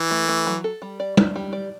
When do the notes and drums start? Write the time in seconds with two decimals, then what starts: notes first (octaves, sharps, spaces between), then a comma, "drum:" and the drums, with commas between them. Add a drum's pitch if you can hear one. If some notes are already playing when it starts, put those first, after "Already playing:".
Already playing: E3
0.11 A3
0.28 A3
0.47 F#3
0.64 A4
0.82 G3
1.00 D5
1.17 D4, drum: tom
1.36 G3
1.53 D5